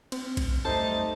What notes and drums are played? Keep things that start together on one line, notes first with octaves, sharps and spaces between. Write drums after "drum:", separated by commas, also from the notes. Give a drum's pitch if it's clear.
C4, drum: cymbal
drum: kick B1, cymbal
F#2 G3 A3 D#4 C5 A5